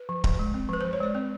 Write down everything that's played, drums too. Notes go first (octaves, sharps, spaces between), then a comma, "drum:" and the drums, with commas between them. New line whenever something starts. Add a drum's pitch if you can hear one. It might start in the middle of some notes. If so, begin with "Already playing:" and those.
Already playing: B4
F3
F3, drum: kick D1
G#3
C4
F3 B4
F3 C5
C#5
G#3 D5
C4